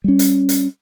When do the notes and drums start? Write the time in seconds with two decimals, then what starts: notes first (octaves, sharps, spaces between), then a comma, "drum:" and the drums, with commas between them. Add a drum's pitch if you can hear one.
0.04 G3 C#4
0.19 drum: hi-hat
0.49 drum: hi-hat